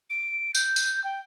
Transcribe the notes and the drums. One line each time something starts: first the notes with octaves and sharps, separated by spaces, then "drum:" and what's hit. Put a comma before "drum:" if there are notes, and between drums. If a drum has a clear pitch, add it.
D7
G6, drum: tambourine
drum: tambourine
G5